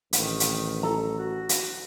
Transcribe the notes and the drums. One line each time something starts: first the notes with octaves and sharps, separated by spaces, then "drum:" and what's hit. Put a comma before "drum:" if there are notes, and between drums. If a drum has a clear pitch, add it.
A1 D#3, drum: hi-hat
drum: hi-hat
A4 A#5
F#4
drum: hi-hat